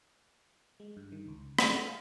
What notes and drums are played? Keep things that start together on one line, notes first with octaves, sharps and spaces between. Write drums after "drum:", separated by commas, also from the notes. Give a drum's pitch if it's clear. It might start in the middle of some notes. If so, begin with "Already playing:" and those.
G#3
G2
D#3
C#2
G#4, drum: rim click
A3
F5